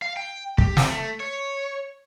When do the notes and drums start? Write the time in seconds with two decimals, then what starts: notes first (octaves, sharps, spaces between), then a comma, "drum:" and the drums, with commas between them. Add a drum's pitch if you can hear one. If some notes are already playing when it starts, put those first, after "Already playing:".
0.02 F5
0.17 G5
0.58 G4, drum: kick
0.77 C3, drum: snare
0.90 A3
1.20 C#5